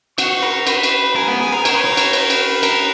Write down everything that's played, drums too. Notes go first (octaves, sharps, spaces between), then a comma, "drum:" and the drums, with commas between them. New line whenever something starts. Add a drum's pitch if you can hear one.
F#4 C#6, drum: cymbal
A#4
B4 B5, drum: cymbal
drum: cymbal
A#4 G#5
B3
G#4
A#4
A#4 C#5, drum: cymbal
B4
A#4
drum: cymbal
B4, drum: cymbal
drum: cymbal
A#4, drum: cymbal